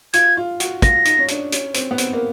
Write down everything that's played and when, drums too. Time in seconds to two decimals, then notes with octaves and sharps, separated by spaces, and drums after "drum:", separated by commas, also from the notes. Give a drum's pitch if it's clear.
0.13 F4 G#6, drum: hi-hat
0.37 F4
0.60 F#4, drum: hi-hat
0.82 F4 A#6, drum: kick, hi-hat
1.05 D#4, drum: hi-hat
1.18 C#4
1.28 D4, drum: hi-hat
1.52 C#4, drum: hi-hat
1.74 C4, drum: hi-hat
1.91 B3
1.98 C4, drum: hi-hat
2.13 A#3